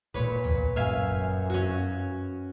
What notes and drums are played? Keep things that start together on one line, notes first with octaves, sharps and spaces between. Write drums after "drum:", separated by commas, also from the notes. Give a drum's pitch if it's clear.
A#2 B4 C#5, drum: kick
drum: tom
F#2 E5 F5 G#5
drum: kick
C#4 F#4